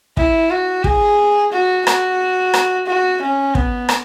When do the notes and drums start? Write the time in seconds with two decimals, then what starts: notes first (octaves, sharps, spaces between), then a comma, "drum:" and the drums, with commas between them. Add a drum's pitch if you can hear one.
0.17 E4, drum: kick
0.50 F#4
0.84 G#4, drum: kick
1.53 F#4
1.87 F#4, drum: rim click
2.54 drum: rim click
2.87 F#4
3.22 C#4
3.55 B3, drum: kick
3.89 drum: rim click